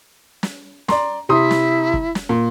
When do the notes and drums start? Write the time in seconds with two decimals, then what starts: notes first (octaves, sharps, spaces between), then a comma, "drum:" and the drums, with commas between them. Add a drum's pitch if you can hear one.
0.43 drum: snare
0.88 D5 A#5 C6, drum: snare
1.29 C3 E4 C6 D#6
1.51 drum: snare
1.94 drum: kick
2.15 drum: snare
2.29 A#2